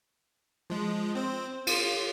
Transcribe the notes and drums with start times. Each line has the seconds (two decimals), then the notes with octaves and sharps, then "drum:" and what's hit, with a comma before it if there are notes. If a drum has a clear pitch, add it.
0.70 F3 G#3
1.15 C4 C5
1.67 F4, drum: cymbal